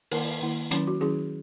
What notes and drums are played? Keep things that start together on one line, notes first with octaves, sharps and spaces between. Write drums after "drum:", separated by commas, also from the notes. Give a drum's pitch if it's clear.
D#3 A#3 E4 A#4, drum: open hi-hat
D#3 A#3 E4
D#3 F#3 C#4 E4, drum: hi-hat
F#4
D#3 F#3 C#4 E4 G#4